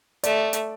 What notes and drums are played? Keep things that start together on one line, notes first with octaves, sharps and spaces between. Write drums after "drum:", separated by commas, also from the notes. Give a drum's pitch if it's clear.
A3 D5, drum: hi-hat
drum: hi-hat